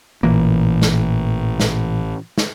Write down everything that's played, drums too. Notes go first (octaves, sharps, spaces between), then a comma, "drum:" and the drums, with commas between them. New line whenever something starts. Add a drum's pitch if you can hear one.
A1 A#2 E3 A#3
drum: snare
drum: snare
drum: snare